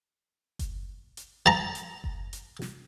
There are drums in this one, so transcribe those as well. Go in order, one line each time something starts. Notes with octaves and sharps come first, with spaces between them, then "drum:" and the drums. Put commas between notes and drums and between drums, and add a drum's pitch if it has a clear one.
drum: kick F#1, hi-hat
drum: hi-hat
A5 A#5
drum: hi-hat
drum: kick F#1
drum: hi-hat
drum: snare